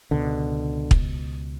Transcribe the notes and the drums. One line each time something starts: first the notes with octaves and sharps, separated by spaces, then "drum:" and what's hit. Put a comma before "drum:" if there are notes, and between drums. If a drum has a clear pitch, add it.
C#2 B2 D3
drum: kick